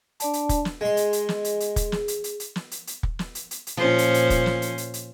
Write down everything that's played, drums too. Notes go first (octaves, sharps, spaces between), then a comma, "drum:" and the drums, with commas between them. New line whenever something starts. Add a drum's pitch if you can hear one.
D4 D5 A5, drum: hi-hat
drum: hi-hat
drum: kick, hi-hat
drum: snare
G#3 G#4 C6
drum: hi-hat
drum: hi-hat
drum: snare
drum: hi-hat
drum: hi-hat
drum: kick, hi-hat
drum: snare
drum: hi-hat
drum: hi-hat
drum: hi-hat
drum: snare
drum: hi-hat
drum: hi-hat
drum: kick
drum: snare
drum: hi-hat
drum: hi-hat
drum: hi-hat
A#2 F3 C#4 C5
drum: hi-hat
drum: hi-hat
drum: kick, hi-hat
drum: snare
drum: hi-hat
drum: hi-hat
drum: hi-hat